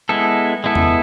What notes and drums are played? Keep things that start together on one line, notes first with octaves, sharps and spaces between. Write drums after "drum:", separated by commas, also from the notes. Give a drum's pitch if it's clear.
G#3 B3 E4 A4
G#3 B3 E4 A4
drum: tom E2